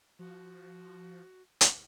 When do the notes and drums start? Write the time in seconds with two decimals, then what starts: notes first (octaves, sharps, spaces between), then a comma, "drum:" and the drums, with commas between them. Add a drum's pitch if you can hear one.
0.19 F3 F#4
1.61 drum: hi-hat